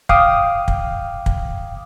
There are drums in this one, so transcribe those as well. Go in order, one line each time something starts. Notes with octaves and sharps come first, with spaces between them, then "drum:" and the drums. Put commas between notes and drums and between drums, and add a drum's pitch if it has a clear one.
F5 G5 D6 D#6 F6, drum: kick
drum: kick
drum: kick